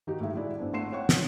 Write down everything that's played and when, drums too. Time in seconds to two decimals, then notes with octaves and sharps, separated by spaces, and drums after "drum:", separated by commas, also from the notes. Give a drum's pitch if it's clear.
0.07 D#3 D#4 F#4 G4
0.20 A2 G#3 E5
0.34 F#3 G#3 E4 F#4 D5
0.58 A2 B3 C4 D4
0.73 G#1 A3 F#5 C6 C7 E7
0.92 C#5 F#5 G5 C#6
1.09 drum: snare